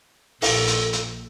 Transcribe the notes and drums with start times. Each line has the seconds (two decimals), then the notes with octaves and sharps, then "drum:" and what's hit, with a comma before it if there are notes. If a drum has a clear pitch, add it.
0.42 A#1 A4, drum: open hi-hat
0.67 drum: hi-hat
0.93 drum: hi-hat